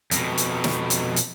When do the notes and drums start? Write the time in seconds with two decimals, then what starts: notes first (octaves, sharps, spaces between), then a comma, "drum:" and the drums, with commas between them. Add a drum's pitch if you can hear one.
0.11 F2 B2, drum: hi-hat
0.38 drum: hi-hat
0.64 drum: snare
0.90 drum: hi-hat
1.16 drum: hi-hat